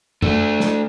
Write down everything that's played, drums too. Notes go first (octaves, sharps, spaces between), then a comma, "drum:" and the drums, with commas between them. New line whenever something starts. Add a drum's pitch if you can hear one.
A3 D4, drum: tom F#2
drum: snare